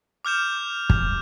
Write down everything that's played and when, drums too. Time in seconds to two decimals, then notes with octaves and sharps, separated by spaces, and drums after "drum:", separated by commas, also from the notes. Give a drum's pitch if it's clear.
0.25 D6 F6 G6 E7
0.90 drum: kick